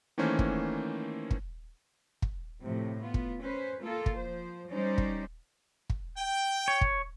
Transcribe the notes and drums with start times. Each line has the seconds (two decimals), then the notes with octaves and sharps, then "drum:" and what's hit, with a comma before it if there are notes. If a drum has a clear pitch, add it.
0.18 D#3 E3 A3 A#3 C#4 C5
0.39 drum: kick
1.31 drum: kick
2.22 drum: kick
2.63 A2 C3 F3
3.02 B3 F4
3.14 drum: kick
3.42 C#4 B4 C5
3.83 A#3 F4 A4
4.06 drum: kick
4.16 F3 C5
4.70 G3 C#4 D#4 C5 D5
4.98 drum: kick
5.90 drum: kick
6.17 G5
6.68 C#5
6.81 drum: kick